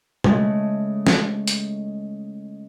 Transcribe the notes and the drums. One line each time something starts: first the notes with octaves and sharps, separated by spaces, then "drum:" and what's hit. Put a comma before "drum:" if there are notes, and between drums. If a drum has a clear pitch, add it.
C#3 G#3 A3, drum: tom
drum: snare
drum: hi-hat